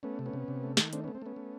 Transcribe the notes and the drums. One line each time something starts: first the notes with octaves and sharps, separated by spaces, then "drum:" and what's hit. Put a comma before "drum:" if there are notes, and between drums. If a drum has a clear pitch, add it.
A3 B3 C#4
C3
B3 C#4
C3
C3
A3
D#3, drum: snare
A3 C4 D4, drum: hi-hat
B3 C#4
A3
C4
A3 B3 C#4
A3